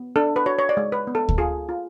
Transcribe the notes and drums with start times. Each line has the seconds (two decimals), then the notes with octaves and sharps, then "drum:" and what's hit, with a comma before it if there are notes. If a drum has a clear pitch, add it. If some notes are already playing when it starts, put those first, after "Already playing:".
Already playing: B3
0.16 D4 A4
0.36 B4
0.46 F#4 C#5
0.59 C#5
0.69 D5
0.77 G#3
0.92 B4
1.07 B3
1.15 A4
1.29 drum: kick D2
1.38 F4 G#4
1.69 F4